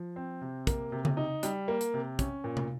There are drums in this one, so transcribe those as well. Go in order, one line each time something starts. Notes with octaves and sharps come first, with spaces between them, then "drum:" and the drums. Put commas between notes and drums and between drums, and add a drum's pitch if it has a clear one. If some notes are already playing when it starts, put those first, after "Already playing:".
Already playing: F3
C4
C3
A#3, drum: kick, hi-hat
C3
drum: tom C#3
D#4
G3, drum: hi-hat
A#3
drum: hi-hat
C3
C#4, drum: kick, hi-hat
A#2
drum: tom